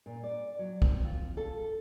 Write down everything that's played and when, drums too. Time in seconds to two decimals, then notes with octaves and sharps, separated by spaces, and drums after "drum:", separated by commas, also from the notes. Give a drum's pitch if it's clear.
0.06 A#2
0.24 D5
0.59 F#3
0.82 C4, drum: kick
1.04 F4
1.37 A4